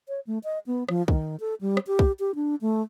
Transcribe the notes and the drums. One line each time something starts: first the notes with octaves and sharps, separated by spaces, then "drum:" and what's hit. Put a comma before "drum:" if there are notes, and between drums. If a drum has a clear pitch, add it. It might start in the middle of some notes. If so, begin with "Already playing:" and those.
C#5
A3
D#5
B3
F3, drum: rim click
D#3, drum: kick
A4
G3
drum: rim click
G4
drum: kick
G4
D4
A3